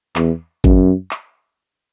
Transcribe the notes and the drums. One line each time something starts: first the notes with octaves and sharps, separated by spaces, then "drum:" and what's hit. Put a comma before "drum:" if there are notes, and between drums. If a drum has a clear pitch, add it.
E2, drum: clap
F#2, drum: kick G#1
drum: clap